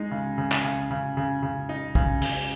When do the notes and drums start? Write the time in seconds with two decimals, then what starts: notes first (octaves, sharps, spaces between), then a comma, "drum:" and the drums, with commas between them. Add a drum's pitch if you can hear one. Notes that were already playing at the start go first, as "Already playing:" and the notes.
Already playing: G#3 D#4
0.11 C#3
0.38 C#3
0.52 drum: clap
0.64 C#3
0.91 C#3
1.17 C#3
1.43 C#3
1.69 D#4
1.95 C#3, drum: kick
2.22 C#3, drum: open hi-hat